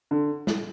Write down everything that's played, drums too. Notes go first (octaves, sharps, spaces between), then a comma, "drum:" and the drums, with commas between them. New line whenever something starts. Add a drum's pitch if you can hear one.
D3
drum: snare